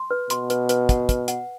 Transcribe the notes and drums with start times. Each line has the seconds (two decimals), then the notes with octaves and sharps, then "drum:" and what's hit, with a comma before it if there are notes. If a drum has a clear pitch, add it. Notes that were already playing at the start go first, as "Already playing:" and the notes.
Already playing: C6
0.11 B4
0.30 B2 C6, drum: hi-hat
0.50 B4, drum: hi-hat
0.69 B4, drum: hi-hat
0.89 F#5, drum: kick, hi-hat
1.09 B4, drum: kick, hi-hat
1.28 F#5, drum: hi-hat